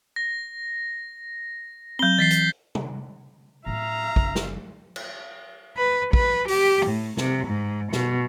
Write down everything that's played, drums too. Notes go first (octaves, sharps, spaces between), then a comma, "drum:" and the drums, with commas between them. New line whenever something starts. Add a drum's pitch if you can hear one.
A#6
F#3 C4 G6 G7
E3 A6 B6 C7
drum: hi-hat
drum: tom C3
A2 F#3 E5 F5 A#5
F#1, drum: kick
drum: snare
drum: cymbal
B4
B4, drum: kick
G4, drum: open hi-hat
A2
C3, drum: snare
G#2
B2, drum: snare